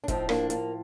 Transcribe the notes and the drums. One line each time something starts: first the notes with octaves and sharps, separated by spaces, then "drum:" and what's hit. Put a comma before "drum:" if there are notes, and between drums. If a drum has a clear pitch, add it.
D4
A2 F3 C4 D#4, drum: kick, hi-hat
A#3 D4, drum: rim click
A#3, drum: hi-hat